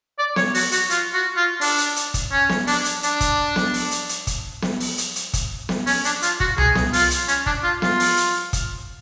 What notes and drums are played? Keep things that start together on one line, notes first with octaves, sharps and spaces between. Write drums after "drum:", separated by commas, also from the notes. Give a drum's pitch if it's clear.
D5
C#5, drum: snare B3
F#4, drum: open hi-hat
F#4, drum: hi-hat
F4, drum: hi-hat
F#4
F4
D4, drum: open hi-hat
drum: hi-hat
drum: hi-hat
drum: kick, hi-hat
C#4
drum: snare B3
D4, drum: open hi-hat
drum: hi-hat
D4, drum: hi-hat
drum: kick, hi-hat
drum: snare B3
drum: open hi-hat
drum: hi-hat
drum: hi-hat
drum: kick, hi-hat
drum: snare B3
drum: open hi-hat
drum: hi-hat
drum: hi-hat
drum: kick, hi-hat
drum: snare B3
C#4, drum: open hi-hat
D4, drum: hi-hat
F4, drum: hi-hat
F#4, drum: kick
G#4, drum: tom C2
drum: snare B3
F4, drum: open hi-hat
drum: hi-hat
C#4, drum: hi-hat
D4, drum: kick
F4
F4, drum: snare B3
drum: open hi-hat
drum: hi-hat
drum: kick, hi-hat